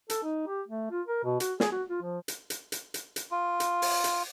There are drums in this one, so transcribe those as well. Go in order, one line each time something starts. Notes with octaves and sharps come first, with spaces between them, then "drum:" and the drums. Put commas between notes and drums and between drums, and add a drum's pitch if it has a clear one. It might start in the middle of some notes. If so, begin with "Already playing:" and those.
A4, drum: hi-hat
D#4
G4
A3
F4
A#4
B2
F#4, drum: hi-hat
G#4, drum: snare
F#4
F4
F3
drum: hi-hat
drum: hi-hat
drum: hi-hat
drum: hi-hat
drum: hi-hat
F4
drum: hi-hat
drum: open hi-hat
drum: hi-hat